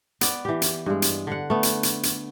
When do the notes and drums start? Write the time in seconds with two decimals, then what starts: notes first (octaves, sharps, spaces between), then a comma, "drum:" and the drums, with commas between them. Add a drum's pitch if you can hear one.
0.21 B3 D5, drum: hi-hat
0.45 E3 G4
0.62 drum: hi-hat
0.86 G2 G#3
1.02 drum: hi-hat
1.27 D3 F#5
1.50 A3 B3
1.63 drum: hi-hat
1.83 drum: hi-hat
2.03 drum: hi-hat